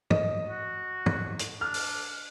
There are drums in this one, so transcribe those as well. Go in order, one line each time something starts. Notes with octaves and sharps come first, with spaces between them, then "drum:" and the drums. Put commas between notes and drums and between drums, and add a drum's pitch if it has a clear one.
D#5, drum: tom
F#4
drum: tom
drum: hi-hat
D4 F6
drum: open hi-hat